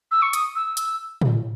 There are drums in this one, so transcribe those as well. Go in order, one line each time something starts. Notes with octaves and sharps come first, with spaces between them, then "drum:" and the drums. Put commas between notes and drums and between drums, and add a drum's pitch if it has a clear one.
E6
C#6
D#6, drum: hi-hat
E6
E6, drum: hi-hat
drum: tom A2